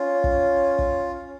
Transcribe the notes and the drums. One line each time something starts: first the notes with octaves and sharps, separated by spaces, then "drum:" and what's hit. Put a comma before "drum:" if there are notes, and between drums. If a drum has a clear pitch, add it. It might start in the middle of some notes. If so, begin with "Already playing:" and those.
Already playing: C#4 F4
drum: kick
drum: kick